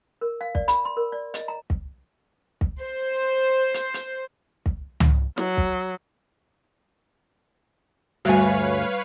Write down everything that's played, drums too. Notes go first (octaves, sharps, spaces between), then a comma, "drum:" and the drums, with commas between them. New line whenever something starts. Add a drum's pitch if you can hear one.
A#4
F5
D5, drum: kick
B5, drum: hi-hat
C6
A#4
D5
D#5, drum: hi-hat
A#5
drum: kick
drum: kick
C5
drum: hi-hat
drum: hi-hat
drum: kick
drum: tom
F#3, drum: snare
drum: kick
D2 G2 G3 F#4 B4 C#5 F5 G#5